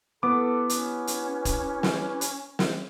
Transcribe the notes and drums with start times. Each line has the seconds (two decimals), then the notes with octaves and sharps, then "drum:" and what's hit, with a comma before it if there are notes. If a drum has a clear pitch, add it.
0.23 B3 E4 G4 A4 B4 D6
0.70 C#4, drum: hi-hat
1.07 drum: hi-hat
1.45 drum: kick, hi-hat
1.83 drum: snare
2.21 drum: hi-hat
2.59 drum: snare